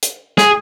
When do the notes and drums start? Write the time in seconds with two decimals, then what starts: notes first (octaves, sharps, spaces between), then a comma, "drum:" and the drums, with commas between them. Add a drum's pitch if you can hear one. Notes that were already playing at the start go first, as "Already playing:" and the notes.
0.03 drum: hi-hat
0.38 G#4, drum: snare